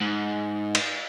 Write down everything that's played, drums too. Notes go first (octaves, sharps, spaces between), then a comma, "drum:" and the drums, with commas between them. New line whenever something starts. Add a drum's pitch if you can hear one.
G#2
drum: cymbal